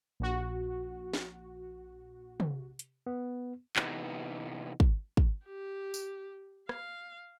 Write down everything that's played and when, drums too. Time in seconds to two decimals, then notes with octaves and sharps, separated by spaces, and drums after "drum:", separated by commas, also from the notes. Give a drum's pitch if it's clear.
0.20 A#1 F#4
1.13 drum: snare
2.40 drum: tom
2.79 drum: hi-hat
3.07 B3
3.76 C3 E3 B3 D#4, drum: clap
4.80 drum: kick
5.17 drum: kick
5.45 G4
5.94 drum: tambourine
6.69 F5, drum: rim click